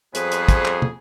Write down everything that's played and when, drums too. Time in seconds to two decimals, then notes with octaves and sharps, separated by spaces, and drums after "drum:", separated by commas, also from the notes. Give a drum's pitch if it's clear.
0.15 F2 G3 B3 G#4 B4 C5, drum: hi-hat
0.32 drum: hi-hat
0.49 drum: kick, hi-hat
0.65 drum: clap
0.82 drum: tom